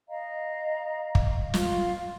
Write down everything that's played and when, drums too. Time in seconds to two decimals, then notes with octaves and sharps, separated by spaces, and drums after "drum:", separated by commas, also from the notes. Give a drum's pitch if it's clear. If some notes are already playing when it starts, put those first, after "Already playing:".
0.09 D#5 F5 A#5
1.15 drum: kick
1.54 F4, drum: snare